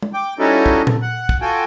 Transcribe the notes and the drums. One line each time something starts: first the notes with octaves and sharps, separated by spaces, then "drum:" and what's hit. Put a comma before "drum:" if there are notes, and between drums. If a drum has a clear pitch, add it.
drum: tom G#3
G5 D6
G3 C#4 D#4 E4 F#4 A4
drum: kick
A3, drum: tom A#2
F#5
drum: kick
F4 F#4 A4 G5 G#5